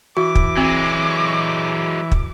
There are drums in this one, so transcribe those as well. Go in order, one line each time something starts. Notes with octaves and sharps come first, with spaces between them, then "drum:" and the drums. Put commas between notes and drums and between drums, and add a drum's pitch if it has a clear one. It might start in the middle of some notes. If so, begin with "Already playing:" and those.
E3 F#4 D6
drum: kick
F#3 G#3 C4
drum: kick